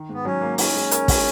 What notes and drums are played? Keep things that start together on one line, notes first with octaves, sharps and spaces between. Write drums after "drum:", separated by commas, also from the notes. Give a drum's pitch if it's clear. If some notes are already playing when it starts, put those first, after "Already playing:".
Already playing: D#3
G#2 B3
F#3 C#4
A#3
C#4 D#4, drum: open hi-hat
G#3
A#4, drum: hi-hat
G#3, drum: kick, open hi-hat